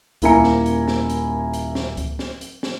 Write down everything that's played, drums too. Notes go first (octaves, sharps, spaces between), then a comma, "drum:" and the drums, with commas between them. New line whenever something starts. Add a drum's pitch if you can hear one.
D#1 A#3 E4 G#5 A#5 C#7, drum: kick C#2, hi-hat
drum: snare
drum: hi-hat
drum: snare
drum: hi-hat
drum: hi-hat
drum: snare
drum: kick C#2, hi-hat
drum: snare
drum: hi-hat
drum: snare